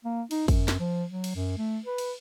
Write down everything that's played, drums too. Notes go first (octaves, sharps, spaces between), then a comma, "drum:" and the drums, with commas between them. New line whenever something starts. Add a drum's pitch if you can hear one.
A#3
D#4, drum: cymbal
F#2, drum: kick, cymbal
drum: snare
F3
F#3
drum: cymbal
F#2
A3
B4
drum: cymbal